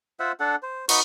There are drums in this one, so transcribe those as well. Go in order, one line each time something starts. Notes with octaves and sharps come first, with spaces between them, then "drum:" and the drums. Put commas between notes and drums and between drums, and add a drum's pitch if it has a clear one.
F4 C5 E5 F#5
D4 A4 F#5
C5
D#4 F#4 B4 C#6, drum: cymbal